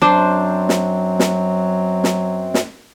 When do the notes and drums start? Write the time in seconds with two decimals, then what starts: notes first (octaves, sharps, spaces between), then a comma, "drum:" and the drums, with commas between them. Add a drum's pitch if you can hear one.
0.02 F#2 F#3 C4 D4 C5 A5 D6
0.69 drum: snare
1.20 drum: snare
2.04 drum: snare
2.54 drum: snare